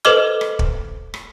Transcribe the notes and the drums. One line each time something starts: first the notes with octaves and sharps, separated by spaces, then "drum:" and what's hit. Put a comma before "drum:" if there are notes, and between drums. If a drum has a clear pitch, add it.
A4 B4 C5 D#5 D6 F6
drum: rim click
drum: kick
drum: rim click